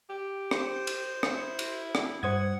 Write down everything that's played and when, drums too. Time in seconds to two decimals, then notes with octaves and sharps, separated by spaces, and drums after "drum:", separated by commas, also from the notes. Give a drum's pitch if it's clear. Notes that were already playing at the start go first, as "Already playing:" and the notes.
0.09 G4
0.51 C5, drum: rim click
0.87 drum: cymbal
1.23 drum: rim click
1.34 E4
1.59 drum: cymbal
1.95 drum: rim click
2.23 G2 C5 F#5 D#6 G#6